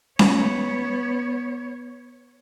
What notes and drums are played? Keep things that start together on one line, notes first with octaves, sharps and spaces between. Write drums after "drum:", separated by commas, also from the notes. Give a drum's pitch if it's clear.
B3 C#5, drum: snare C#4